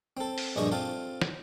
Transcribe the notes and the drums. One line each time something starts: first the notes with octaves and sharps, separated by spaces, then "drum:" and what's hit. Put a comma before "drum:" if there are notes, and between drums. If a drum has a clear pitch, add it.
C4 A4
drum: open hi-hat
A#1 G2 G#4 D#5 C#6
C4 F4 A4
drum: snare